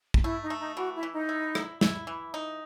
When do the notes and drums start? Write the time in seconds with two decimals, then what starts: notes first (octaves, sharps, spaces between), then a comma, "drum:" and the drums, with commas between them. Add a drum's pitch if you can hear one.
0.14 drum: kick
0.24 A3 E4
0.42 D#4
0.50 A3
0.60 D#4
0.77 E3 F#4
0.94 E4
1.03 E3
1.12 D#4
1.29 E4
1.55 E4, drum: rim click
1.81 E4, drum: snare
2.07 E3
2.34 D#4